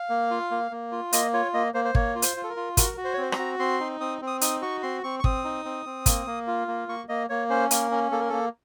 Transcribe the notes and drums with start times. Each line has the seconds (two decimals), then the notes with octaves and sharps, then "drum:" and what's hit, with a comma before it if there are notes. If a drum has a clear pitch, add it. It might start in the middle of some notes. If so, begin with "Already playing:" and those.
Already playing: F5
0.10 A#3
0.31 F4
0.51 A#3
0.71 A#3
0.92 F4
1.13 A#3 D#5, drum: hi-hat
1.33 F4 C#5
1.54 A#3 D#5
1.74 A#3 C5
1.85 C5
1.95 A#3 C#5, drum: kick
2.15 F4
2.22 C5, drum: hi-hat
2.37 F4
2.44 A4
2.50 A#4
2.57 F4
2.77 F#4 A#4, drum: kick, hi-hat
2.97 F#4
3.05 C5
3.13 C#5
3.18 C4 C5
3.32 A#5, drum: rim click
3.39 F#4
3.59 C4 C6
3.80 D#4
4.00 C4 D#6
4.22 C4
4.27 D#6
4.41 D#4 D#6, drum: hi-hat
4.62 F#4 C#6
4.83 C4 C6
5.03 C4 C#6
5.19 C#6
5.24 C4 D#6, drum: kick
5.44 D#4
5.65 C4
5.86 C4
6.06 A#3, drum: kick, hi-hat
6.26 A#3
6.47 F4
6.68 A#3
6.88 A#3 C#6
7.09 A#3 D#5
7.29 A#3 C#5
7.50 C#4 C5
7.71 A#3 A#4, drum: hi-hat
7.91 C#4
8.11 A#3 A4
8.21 A#4
8.29 A#3 A4